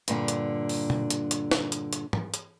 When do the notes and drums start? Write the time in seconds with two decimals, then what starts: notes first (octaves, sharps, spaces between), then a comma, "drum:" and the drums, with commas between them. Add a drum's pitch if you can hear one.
0.08 G2 A#2 D3, drum: hi-hat
0.28 drum: hi-hat
0.69 drum: open hi-hat
0.90 drum: tom B2
1.10 drum: hi-hat
1.31 drum: hi-hat
1.52 drum: snare
1.72 drum: hi-hat
1.93 drum: hi-hat
2.13 drum: tom
2.34 drum: hi-hat